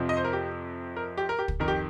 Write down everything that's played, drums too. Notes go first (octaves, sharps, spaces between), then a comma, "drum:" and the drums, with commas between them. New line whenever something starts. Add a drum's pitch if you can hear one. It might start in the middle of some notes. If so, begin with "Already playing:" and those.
Already playing: F2 C3 F3
D#5
C5
A#4
G4
A#4
G4
A#4
G4
drum: kick
F2 D#3 A#4
G4